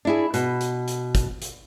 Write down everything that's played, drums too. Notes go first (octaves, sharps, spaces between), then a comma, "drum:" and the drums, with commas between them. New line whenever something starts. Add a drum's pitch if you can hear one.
D4 E4 G#4
B2, drum: hi-hat
drum: hi-hat
drum: hi-hat
drum: kick, hi-hat
drum: hi-hat